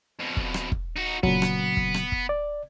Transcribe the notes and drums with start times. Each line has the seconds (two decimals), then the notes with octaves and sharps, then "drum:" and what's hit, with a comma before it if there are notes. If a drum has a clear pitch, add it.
0.19 F2 B2
0.37 drum: kick
0.54 drum: rim click
0.72 drum: kick
0.96 D#4 F#4
1.23 A#2 C#3 F#3 B3, drum: kick
1.42 drum: rim click
1.77 drum: kick
1.94 drum: rim click
2.12 drum: kick
2.29 D5